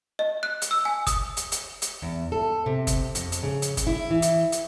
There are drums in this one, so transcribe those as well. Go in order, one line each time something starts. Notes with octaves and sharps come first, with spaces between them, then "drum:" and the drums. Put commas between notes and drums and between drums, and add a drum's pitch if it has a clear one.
D#5
F#6
drum: hi-hat
E6
G#5
D#6, drum: kick G1, hi-hat
drum: hi-hat
drum: hi-hat
drum: hi-hat
E2
A4
C3
drum: kick G1, hi-hat
F2, drum: hi-hat
drum: hi-hat
C#3
drum: hi-hat
drum: kick G1, hi-hat
E4
E3
drum: hi-hat
drum: hi-hat